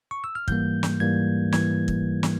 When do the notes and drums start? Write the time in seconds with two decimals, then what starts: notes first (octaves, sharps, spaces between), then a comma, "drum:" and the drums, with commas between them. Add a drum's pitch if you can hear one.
0.11 C#6
0.24 E6
0.35 F6
0.48 G#2 E3 G3 A#3 G6, drum: kick
0.83 drum: snare
1.00 G#2 E3 G3 A#3 G#6
1.53 E3 G#6, drum: snare
1.88 drum: kick
2.23 drum: snare